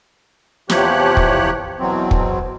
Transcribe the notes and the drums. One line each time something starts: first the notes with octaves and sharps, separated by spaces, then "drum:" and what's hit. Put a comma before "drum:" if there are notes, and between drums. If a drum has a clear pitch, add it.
E2 C3 F3 G4 C#5 F#6, drum: snare
drum: kick
E2 B2 F#3 C4
drum: kick